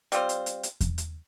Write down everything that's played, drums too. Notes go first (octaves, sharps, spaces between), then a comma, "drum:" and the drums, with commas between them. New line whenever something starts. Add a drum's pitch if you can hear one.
G3 C4 F4 C5, drum: hi-hat
drum: hi-hat
drum: hi-hat
drum: hi-hat
drum: kick E2, hi-hat
drum: hi-hat